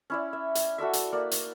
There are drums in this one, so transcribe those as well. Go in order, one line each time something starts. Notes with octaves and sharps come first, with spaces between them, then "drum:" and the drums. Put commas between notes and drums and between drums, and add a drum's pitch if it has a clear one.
C#4 E4 D5
E5
drum: hi-hat
F#4 A4 D5 E5
drum: hi-hat
A#3 D5
drum: hi-hat